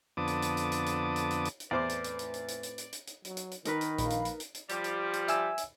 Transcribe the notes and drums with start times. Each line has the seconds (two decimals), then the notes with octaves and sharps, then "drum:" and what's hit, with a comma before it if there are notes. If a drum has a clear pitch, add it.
0.17 F2 D3 B3 A5 D6 D#6
0.27 drum: hi-hat
0.42 drum: hi-hat
0.57 drum: hi-hat
0.72 drum: hi-hat
0.86 drum: hi-hat
1.16 drum: hi-hat
1.31 drum: hi-hat
1.45 drum: hi-hat
1.60 drum: hi-hat
1.71 E2 A2 C4 B4 C5 D5 D6
1.89 drum: hi-hat
2.04 drum: hi-hat
2.19 drum: hi-hat
2.34 drum: hi-hat
2.48 drum: hi-hat
2.63 drum: hi-hat
2.78 drum: hi-hat
2.93 drum: hi-hat
3.07 drum: hi-hat
3.25 F#3, drum: hi-hat
3.37 drum: hi-hat
3.51 drum: hi-hat
3.65 D#3 D#4 A#4 B4, drum: hi-hat
3.81 drum: hi-hat
3.98 A#1 F5 B5, drum: hi-hat
4.10 drum: hi-hat
4.25 drum: hi-hat
4.40 drum: hi-hat
4.55 drum: hi-hat
4.69 F3 G3, drum: hi-hat
4.84 drum: hi-hat
5.13 drum: hi-hat
5.28 E5 G#5 E6, drum: hi-hat
5.58 drum: hi-hat